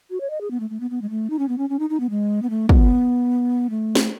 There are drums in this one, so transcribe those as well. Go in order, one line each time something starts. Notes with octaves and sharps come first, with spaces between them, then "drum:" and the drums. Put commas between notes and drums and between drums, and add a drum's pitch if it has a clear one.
F#4
C#5
D#5
G#4
B3
A3
A3
B3
B3
G#3
A3
D#4
C#4
B3
C#4
C#4
D#4
D#4
B3
G#3
B3
A3
B3, drum: kick
A3
drum: snare